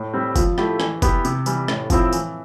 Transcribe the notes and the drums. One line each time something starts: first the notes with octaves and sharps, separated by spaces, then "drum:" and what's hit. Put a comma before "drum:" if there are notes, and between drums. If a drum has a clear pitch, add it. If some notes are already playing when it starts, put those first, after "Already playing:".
Already playing: A2
G3 C4 G4
F3, drum: kick, tambourine
A3 E4 G4, drum: rim click
E3, drum: rim click
B3 E4 G4, drum: kick, tambourine
C3, drum: tambourine
E3 G3, drum: tambourine
A2, drum: rim click
F3 C4 E4, drum: kick, tambourine
E3, drum: tambourine